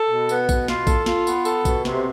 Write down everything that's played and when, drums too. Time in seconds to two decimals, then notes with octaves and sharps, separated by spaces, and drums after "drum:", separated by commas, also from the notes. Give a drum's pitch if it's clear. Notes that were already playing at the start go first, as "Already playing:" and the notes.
Already playing: A4
0.10 B2
0.29 B3, drum: tambourine
0.49 B2, drum: kick A#1, tambourine
0.68 F4, drum: snare
0.87 A4, drum: kick A#1, tambourine
1.06 F4, drum: snare
1.27 B3, drum: tambourine
1.45 A4, drum: tambourine
1.65 B2, drum: kick A#1, tambourine
1.85 C3, drum: snare